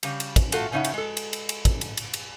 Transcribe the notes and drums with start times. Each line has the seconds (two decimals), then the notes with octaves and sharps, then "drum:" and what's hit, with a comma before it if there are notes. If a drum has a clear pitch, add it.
0.03 C#3 G3, drum: cymbal
0.20 drum: cymbal
0.36 drum: kick, cymbal
0.52 A3 F4 F#4 A4, drum: cymbal
0.72 A2 C#3 C#4 D#4 E5 F#5
0.85 drum: cymbal
0.94 G#3 A4
1.17 drum: cymbal
1.33 drum: cymbal
1.49 drum: cymbal
1.65 drum: kick, cymbal
1.81 drum: cymbal
1.97 drum: cymbal
2.14 drum: cymbal